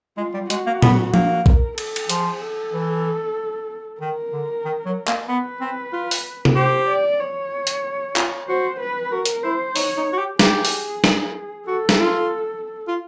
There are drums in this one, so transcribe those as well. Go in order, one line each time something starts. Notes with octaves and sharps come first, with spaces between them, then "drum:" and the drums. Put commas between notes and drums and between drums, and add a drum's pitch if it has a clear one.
G#3 F4
G3
G#3 F#4, drum: hi-hat
A#3
B3, drum: tom A#2
A#3, drum: tom F3
A#4, drum: kick A#1
A4, drum: cymbal
drum: cymbal
F3 G#4, drum: hi-hat
A4
E3
D#3 A#4
D3
D#3
F#3
A#3, drum: clap
B3 B4
C4
F4
drum: open hi-hat
drum: tom C3
G4 C5
D5
C#5
drum: hi-hat
F4, drum: clap
F#4 C5
B4
F#4 A#4
drum: hi-hat
E4 C5
D#4 C#5, drum: open hi-hat
D#4
F#4
G4
G4 G#4, drum: snare
drum: open hi-hat
drum: snare
F#4 A4
drum: snare
F4
F4